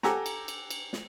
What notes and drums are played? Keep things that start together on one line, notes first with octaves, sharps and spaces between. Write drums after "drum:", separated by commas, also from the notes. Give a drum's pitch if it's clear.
G4 A4 F#5 G#5 A#5, drum: snare
drum: cymbal
drum: cymbal
drum: cymbal
drum: snare